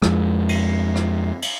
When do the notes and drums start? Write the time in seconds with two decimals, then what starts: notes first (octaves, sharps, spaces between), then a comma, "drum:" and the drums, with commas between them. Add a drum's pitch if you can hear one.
0.02 F2 F3 G#3, drum: rim click
0.49 drum: cymbal
0.96 drum: rim click
1.42 drum: cymbal